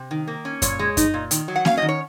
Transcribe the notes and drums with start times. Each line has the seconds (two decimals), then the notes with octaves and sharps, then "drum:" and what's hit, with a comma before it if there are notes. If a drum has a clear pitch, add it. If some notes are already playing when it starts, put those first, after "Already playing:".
Already playing: C3
0.11 D#3
0.27 A#3
0.45 C#4
0.62 A#2 C#5, drum: kick F#2, hi-hat
0.79 G#3
0.97 D#4, drum: kick F#2, hi-hat
1.14 A#2
1.31 D#3, drum: hi-hat
1.48 F#3
1.56 F#5
1.65 C#4 F5, drum: snare A#3
1.77 D#3 D#5
1.89 C#5